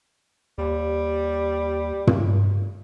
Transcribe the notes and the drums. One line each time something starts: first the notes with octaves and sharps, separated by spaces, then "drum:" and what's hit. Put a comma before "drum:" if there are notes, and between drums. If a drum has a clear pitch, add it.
D#2 G3
drum: tom